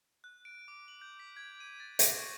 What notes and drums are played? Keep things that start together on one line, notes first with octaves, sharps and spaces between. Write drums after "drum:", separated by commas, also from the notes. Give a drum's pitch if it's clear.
F#6
D7
D6
F#7
G6
B6
G#6
D#7
A6
A#6, drum: hi-hat
C#6